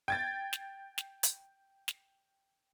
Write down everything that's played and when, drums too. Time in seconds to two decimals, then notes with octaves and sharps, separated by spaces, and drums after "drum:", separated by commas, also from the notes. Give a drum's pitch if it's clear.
0.08 G5 G#6 A6
0.53 drum: snare
0.98 drum: snare
1.23 drum: hi-hat
1.88 drum: snare